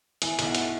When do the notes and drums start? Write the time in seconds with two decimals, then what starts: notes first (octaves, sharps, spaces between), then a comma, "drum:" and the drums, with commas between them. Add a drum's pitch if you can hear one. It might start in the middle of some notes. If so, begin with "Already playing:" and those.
0.22 E3 G#5, drum: hi-hat
0.39 B1, drum: hi-hat
0.47 F#5
0.55 A3, drum: hi-hat